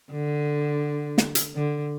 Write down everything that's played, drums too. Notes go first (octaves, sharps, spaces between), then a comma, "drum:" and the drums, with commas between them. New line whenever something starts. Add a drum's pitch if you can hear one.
D3
drum: snare
drum: hi-hat
D3